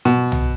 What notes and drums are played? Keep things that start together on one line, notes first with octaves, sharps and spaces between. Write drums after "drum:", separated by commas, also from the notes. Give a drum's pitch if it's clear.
B2
drum: tom